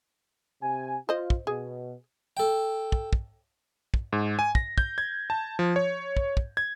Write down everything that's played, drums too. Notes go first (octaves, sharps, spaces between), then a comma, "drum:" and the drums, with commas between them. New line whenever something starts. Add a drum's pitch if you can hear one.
C3 G#5
F4 C5 D#5
drum: kick
B2 G#4
A4 G5
drum: kick
drum: kick
drum: kick
G#2
G#5
A#6, drum: kick
G6, drum: kick
G#6
A5
F3
C#5
drum: kick
drum: kick
G#6